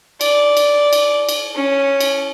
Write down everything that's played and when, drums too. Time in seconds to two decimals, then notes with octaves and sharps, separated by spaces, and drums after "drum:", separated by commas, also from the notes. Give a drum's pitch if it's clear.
0.21 D5, drum: cymbal
0.57 drum: cymbal
0.93 drum: cymbal
1.29 drum: cymbal
1.55 C#4
2.01 drum: cymbal